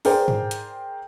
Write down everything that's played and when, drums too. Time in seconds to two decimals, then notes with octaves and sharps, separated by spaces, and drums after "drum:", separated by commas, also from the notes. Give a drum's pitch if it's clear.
0.05 G#4 A#4 C5 D5 G5, drum: open hi-hat
0.28 drum: tom G#2
0.51 drum: hi-hat